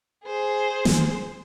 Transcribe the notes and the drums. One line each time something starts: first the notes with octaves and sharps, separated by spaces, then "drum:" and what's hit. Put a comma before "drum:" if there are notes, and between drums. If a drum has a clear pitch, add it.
G#4 C5
drum: snare